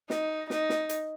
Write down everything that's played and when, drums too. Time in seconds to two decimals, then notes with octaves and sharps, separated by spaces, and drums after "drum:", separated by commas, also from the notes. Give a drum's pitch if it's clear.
0.10 D#4, drum: snare
0.50 D#4, drum: snare
0.70 drum: snare
0.89 drum: hi-hat